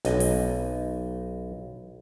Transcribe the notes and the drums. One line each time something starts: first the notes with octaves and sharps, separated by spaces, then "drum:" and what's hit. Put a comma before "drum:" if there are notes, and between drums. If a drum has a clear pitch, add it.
B1 D#5 G#5, drum: snare
drum: open hi-hat